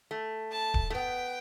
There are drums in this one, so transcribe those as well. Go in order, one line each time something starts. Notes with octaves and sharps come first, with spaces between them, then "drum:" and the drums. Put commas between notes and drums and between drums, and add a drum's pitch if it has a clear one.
A3
A5
drum: kick D1
A3
B3 G5